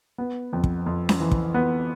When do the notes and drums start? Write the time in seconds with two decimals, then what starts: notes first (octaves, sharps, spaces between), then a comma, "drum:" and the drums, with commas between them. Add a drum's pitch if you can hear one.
0.18 B3
0.53 F2
0.64 drum: kick
0.86 F2
1.09 drum: snare C#4
1.20 E3
1.31 drum: kick
1.54 B3